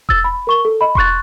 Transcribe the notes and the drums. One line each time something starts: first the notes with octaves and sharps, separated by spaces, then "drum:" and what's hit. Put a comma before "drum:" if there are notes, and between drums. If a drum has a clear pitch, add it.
E6 A6, drum: kick E1
B5
A#4 C#6 G7
A4
D#5 B5
C6 C#6 F#6 A6, drum: kick E1